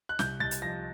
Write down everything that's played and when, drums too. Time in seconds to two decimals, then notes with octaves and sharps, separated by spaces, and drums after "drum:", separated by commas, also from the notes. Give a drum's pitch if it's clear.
0.09 F#6
0.19 C2 G6, drum: snare
0.40 C2 A6
0.51 drum: hi-hat
0.62 F3 A#6